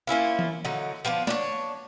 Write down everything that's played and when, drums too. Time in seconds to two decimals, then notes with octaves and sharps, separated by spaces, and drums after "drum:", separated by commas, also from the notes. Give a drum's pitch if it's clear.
0.07 A#3 C#4 E4 F4
0.39 drum: tom E3
0.65 D3 F#3 D#4
1.05 F3 B3 D4 F4
1.27 D4 C#5, drum: snare